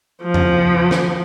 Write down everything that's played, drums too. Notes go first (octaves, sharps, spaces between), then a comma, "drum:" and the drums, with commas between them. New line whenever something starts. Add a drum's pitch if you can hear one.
F3
drum: tom E2
drum: snare